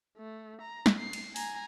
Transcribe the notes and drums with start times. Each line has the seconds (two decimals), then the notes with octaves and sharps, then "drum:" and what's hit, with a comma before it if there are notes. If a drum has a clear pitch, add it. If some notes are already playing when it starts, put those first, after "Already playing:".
0.18 A3
0.61 A#5
0.86 drum: snare
0.98 C7
1.13 drum: cymbal
1.36 G#5 A#5, drum: open hi-hat